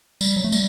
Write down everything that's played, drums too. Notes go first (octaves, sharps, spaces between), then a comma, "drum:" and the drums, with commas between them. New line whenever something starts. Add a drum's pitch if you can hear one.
G3, drum: tambourine
F#3
A3
G3, drum: tambourine